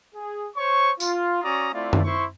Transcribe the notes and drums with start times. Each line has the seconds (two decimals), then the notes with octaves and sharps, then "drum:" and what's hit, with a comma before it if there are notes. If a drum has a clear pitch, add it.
0.15 G#4
0.57 C5 C#5 C#6
1.00 F4, drum: tambourine
1.43 C#4 F#4 D5 A#5 D#6
1.73 A3 C4 E4 F4 D5
1.93 drum: tom F#2
2.04 E4 C5 C6 C#6